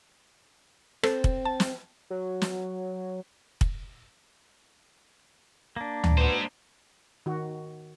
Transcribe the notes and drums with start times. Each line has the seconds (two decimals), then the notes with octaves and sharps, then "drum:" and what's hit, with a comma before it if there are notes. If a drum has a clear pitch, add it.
1.03 C4 A4, drum: rim click
1.24 drum: kick
1.45 A5
1.60 drum: snare
2.10 F#3
2.42 drum: snare
3.61 drum: kick
5.76 A#3 D4
6.04 drum: tom D2
6.18 G#3 F#4 B4 C5
7.26 D#3 F#4